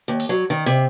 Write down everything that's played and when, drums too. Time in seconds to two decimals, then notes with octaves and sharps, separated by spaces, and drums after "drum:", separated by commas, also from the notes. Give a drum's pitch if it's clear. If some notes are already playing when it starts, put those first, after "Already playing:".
0.08 D#2
0.20 drum: open hi-hat
0.29 F#3
0.50 D#3
0.66 C3